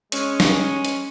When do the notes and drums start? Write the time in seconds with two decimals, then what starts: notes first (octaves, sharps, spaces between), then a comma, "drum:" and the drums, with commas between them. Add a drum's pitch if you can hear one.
0.12 G#3 C#4, drum: hi-hat
0.40 drum: snare
0.85 drum: hi-hat